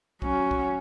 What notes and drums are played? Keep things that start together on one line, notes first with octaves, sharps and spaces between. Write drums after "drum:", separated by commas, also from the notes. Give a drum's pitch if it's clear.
F#3 C#4, drum: kick
drum: kick